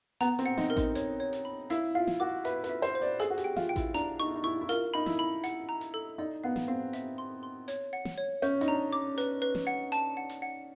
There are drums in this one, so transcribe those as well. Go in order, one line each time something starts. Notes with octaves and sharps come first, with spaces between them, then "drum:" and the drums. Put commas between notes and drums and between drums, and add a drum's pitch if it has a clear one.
B3 A#5, drum: hi-hat
C4, drum: hi-hat
F#5
D#4, drum: snare
A#4
D#4, drum: kick A1, hi-hat
C#5, drum: hi-hat
C#5
drum: hi-hat
B5
E4 F5, drum: hi-hat
F4 F5
drum: snare
F#4 D6
B4 E5, drum: hi-hat
B4, drum: hi-hat
E5
C5, drum: hi-hat
C5
D5, drum: open hi-hat
G#4 A4, drum: hi-hat
F#4
G4, drum: hi-hat
G5
F4, drum: snare
G5
E4, drum: kick A1, hi-hat
D4 A#5, drum: hi-hat
D#4 C#6
E4
D#4
E4 C#6
E4
F4 A#4, drum: hi-hat
D#4 B5
E4, drum: snare
B5
F#5, drum: hi-hat
A#5
drum: hi-hat
A4
D#4 D5
B3 F5
drum: snare
C4 F5
E5, drum: hi-hat
C6
C6
C#5, drum: hi-hat
F#5
drum: snare
C#5
C#4 G6, drum: hi-hat
D#4, drum: hi-hat
D4 A#5
D6
B4, drum: hi-hat
B4
drum: snare
F#5
A5, drum: hi-hat
F#5
drum: hi-hat
F#5